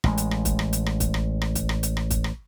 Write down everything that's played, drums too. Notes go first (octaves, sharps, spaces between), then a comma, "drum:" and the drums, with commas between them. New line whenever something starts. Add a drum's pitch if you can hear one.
A1 G#3, drum: rim click
drum: hi-hat
drum: rim click
drum: kick, hi-hat
drum: rim click
drum: hi-hat
drum: rim click
drum: kick, hi-hat
drum: rim click
drum: rim click
drum: kick, hi-hat
drum: rim click
drum: hi-hat
drum: rim click
drum: kick, hi-hat
drum: rim click